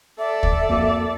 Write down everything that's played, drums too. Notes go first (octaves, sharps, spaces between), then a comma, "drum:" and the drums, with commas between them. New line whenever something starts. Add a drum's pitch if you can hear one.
A4 D5 E5
drum: kick
F2 A#3 F#4